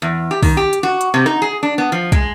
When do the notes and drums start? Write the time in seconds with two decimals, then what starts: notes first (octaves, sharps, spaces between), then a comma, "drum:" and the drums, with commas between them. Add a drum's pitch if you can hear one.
0.02 E2
0.31 G4
0.43 D#3, drum: kick, open hi-hat
0.57 G4
0.73 drum: hi-hat
0.83 F#4
1.01 drum: hi-hat
1.14 C3
1.26 D#4, drum: rim click
1.42 G#4
1.63 D4
1.78 B3
1.92 F3
2.12 G#3, drum: kick, hi-hat